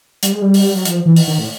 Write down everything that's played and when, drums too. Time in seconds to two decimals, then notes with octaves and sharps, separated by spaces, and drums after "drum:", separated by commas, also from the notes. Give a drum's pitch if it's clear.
0.23 G3, drum: hi-hat
0.32 G#3
0.42 G3
0.54 drum: open hi-hat
0.75 F#3
0.85 F3, drum: hi-hat
1.06 E3
1.16 drum: open hi-hat
1.27 D#3
1.39 A2